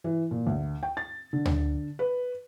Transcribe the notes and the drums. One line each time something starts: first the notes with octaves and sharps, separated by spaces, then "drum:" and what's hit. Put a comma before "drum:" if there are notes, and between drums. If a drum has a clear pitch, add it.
E3
A#2
D2
G5
A6
D3
drum: tom D2
B4